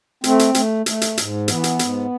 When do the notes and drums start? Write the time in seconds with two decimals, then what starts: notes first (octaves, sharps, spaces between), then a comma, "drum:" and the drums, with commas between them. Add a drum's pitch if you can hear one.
0.24 A3 C4, drum: hi-hat
0.39 drum: hi-hat
0.55 A3, drum: hi-hat
0.86 A3, drum: hi-hat
1.01 drum: hi-hat
1.18 G#2, drum: hi-hat
1.48 E3 B3, drum: hi-hat
1.64 drum: hi-hat
1.79 G#2, drum: hi-hat